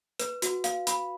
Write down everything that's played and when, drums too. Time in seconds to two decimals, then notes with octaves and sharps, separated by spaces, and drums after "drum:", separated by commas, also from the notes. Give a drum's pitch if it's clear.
0.19 B4, drum: hi-hat
0.42 F#4, drum: hi-hat
0.64 F5, drum: hi-hat
0.87 B5, drum: hi-hat